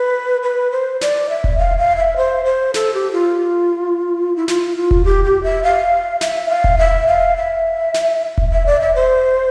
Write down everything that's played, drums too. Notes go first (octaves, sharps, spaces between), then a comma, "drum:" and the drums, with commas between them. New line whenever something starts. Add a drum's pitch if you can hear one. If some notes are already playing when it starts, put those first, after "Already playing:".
Already playing: B4
B4
C5
D5, drum: snare
E5
drum: kick E1
F5
F5
E5
C5
C5
A4, drum: snare
G4
F4
E4
F4, drum: snare
F4
drum: kick E1
G4
G4
E5
F5
E5, drum: snare
F5
drum: kick E1
E5
F5
E5
drum: snare
drum: kick E1
E5
D5
E5
C5